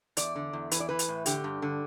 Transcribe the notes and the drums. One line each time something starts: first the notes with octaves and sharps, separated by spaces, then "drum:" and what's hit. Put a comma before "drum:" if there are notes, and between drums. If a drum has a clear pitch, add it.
E2 D5, drum: hi-hat
D3
E2
E3 B4, drum: hi-hat
D5
E3 B4
drum: hi-hat
A2
D3 G4, drum: hi-hat
G2
D3